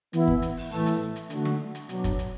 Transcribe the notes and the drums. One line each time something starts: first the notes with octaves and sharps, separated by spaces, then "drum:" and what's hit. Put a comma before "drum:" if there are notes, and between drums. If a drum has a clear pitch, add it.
E3 B3 E4, drum: hi-hat
drum: kick
drum: hi-hat
drum: open hi-hat
A2 E3 A3, drum: open hi-hat
drum: hi-hat
drum: hi-hat
D3 A3 F#4, drum: hi-hat
drum: snare
drum: hi-hat
B2 F#3 D4, drum: hi-hat
drum: kick, hi-hat
drum: hi-hat